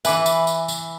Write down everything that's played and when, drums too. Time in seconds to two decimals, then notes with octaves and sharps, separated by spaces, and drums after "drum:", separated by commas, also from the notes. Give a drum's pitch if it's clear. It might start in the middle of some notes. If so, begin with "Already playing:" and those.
0.05 E3 B4 E5 G#5 D6, drum: tambourine
0.26 drum: tambourine
0.47 drum: tambourine
0.68 drum: tambourine